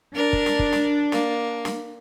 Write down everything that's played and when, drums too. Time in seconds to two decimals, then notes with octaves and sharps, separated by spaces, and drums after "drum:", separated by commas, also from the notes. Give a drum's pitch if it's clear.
0.15 D4 A#4
0.33 drum: kick
0.46 drum: snare
0.59 drum: kick
0.72 drum: snare
1.12 A#3, drum: snare
1.65 drum: snare